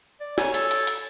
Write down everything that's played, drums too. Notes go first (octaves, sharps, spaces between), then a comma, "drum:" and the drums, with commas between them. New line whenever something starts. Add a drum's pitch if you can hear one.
D5
C#5 G#5, drum: snare
A4, drum: hi-hat
drum: hi-hat
drum: hi-hat